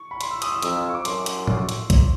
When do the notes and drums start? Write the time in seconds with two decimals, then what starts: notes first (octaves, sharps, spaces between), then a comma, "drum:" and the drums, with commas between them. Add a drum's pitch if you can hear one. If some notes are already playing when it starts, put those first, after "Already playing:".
Already playing: C#6
0.11 B5
0.21 C6, drum: hi-hat
0.31 E6
0.42 D#6, drum: hi-hat
0.52 E6
0.62 F2 D#6, drum: hi-hat
0.73 E6
0.89 C#6
0.95 D6
1.05 F#2 C6, drum: hi-hat
1.26 drum: hi-hat
1.47 drum: tom A2
1.69 drum: hi-hat
1.90 drum: kick, hi-hat